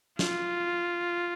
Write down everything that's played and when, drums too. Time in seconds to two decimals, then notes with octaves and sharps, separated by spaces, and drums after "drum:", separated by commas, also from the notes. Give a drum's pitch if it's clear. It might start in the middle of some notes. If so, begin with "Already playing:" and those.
0.19 F4, drum: snare